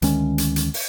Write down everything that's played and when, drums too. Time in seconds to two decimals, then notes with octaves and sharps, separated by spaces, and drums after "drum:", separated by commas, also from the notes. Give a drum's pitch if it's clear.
0.02 D2 D#3 G#3 C#4, drum: hi-hat
0.38 drum: hi-hat
0.56 drum: hi-hat
0.74 drum: open hi-hat